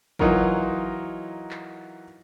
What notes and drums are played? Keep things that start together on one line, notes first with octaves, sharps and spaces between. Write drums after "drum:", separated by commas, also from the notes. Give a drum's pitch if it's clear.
E3 F#3 D#4 F4 F#4 A#4, drum: kick
drum: clap